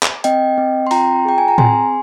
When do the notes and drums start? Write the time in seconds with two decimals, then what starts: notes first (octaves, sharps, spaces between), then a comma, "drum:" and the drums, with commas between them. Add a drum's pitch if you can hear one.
0.03 drum: clap
0.24 C4 D#5 G5, drum: hi-hat
0.58 C4
0.87 C6
0.91 F4 G5 A#5, drum: open hi-hat
1.25 G#4 G5
1.38 G#5
1.48 A#5
1.58 C4 G#5 C6, drum: tom A2